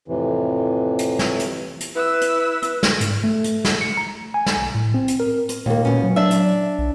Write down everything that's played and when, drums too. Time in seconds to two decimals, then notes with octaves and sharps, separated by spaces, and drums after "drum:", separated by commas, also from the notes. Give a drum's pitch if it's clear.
0.08 F2 A2 C3 E3
0.99 drum: hi-hat
1.19 drum: snare
1.40 drum: hi-hat
1.80 drum: hi-hat
1.95 E4 B4 E6
2.21 drum: hi-hat
2.62 drum: hi-hat
2.83 drum: snare
3.01 G#2, drum: hi-hat
3.24 A3
3.44 drum: hi-hat
3.65 drum: snare
3.81 C#7
3.97 A#5
4.34 G#5
4.46 drum: snare
4.56 B1
4.75 A2
4.94 C4
5.08 drum: hi-hat
5.20 A#4
5.49 drum: hi-hat
5.66 D#2 A#2 A#3
5.85 B2 C#4
6.03 F#3
6.16 D4 E5
6.31 drum: hi-hat
6.78 B1